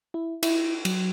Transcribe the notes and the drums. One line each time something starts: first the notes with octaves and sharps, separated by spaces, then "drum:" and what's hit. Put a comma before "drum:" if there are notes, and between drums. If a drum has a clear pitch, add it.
E4
E4, drum: cymbal
F#3, drum: cymbal